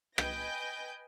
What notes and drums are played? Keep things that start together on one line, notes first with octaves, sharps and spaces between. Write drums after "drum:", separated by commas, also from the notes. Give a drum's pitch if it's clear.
B4 D#5 G5 G#5 G6 A#6, drum: rim click